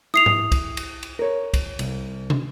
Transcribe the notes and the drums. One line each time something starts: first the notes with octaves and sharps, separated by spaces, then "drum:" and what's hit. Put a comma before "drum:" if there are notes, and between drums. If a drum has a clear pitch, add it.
E4 D#6 C7 F7
drum: tom G#2
drum: kick, cymbal
drum: cymbal
drum: cymbal
A#4 C#5
drum: kick, cymbal
C2, drum: cymbal
drum: tom